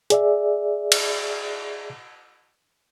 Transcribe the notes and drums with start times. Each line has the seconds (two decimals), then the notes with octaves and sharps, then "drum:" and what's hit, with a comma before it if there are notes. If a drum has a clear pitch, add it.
0.10 G#4 D5 E5, drum: hi-hat
0.92 drum: cymbal